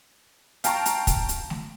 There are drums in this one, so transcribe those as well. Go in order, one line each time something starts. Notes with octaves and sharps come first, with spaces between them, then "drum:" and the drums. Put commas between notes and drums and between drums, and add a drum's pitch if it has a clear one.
F5 G5 A5 A#5 C#6, drum: hi-hat
drum: hi-hat
drum: kick, hi-hat
drum: hi-hat
drum: snare A3